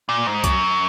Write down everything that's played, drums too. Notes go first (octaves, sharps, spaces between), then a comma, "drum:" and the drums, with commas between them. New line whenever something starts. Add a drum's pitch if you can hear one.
A#2
G#2
F#2, drum: kick C2, hi-hat